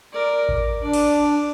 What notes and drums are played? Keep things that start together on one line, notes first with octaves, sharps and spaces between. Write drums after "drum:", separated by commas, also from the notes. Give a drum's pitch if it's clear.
A#4 D5
drum: kick A1
D4 D5
drum: cymbal